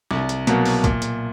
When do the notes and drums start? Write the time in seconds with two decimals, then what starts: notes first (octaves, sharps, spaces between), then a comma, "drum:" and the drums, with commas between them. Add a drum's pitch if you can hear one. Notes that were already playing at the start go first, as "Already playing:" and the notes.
0.11 C2, drum: snare
0.29 drum: hi-hat
0.47 B2 F#3 A#3, drum: hi-hat
0.65 drum: open hi-hat
0.84 A#2, drum: kick, hi-hat
1.02 drum: hi-hat